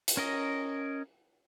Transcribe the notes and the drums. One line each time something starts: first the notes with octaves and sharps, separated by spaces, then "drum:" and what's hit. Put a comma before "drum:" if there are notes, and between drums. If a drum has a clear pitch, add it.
drum: hi-hat
C#4 A#4 D#5